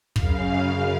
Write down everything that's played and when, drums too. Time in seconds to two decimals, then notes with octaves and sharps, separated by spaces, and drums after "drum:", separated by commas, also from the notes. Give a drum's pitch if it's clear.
0.16 F#2 C#3 F5, drum: kick